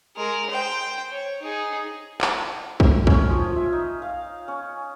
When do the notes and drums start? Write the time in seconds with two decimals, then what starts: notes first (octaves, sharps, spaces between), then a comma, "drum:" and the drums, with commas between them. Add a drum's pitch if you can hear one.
0.16 G#3 A#4
0.50 C5 G5
1.11 C#5
1.42 D#4 G#4
2.21 drum: clap
2.80 drum: kick
3.07 C#4, drum: kick
3.29 F3
3.56 E5
3.73 D#4
4.02 F5
4.48 C#4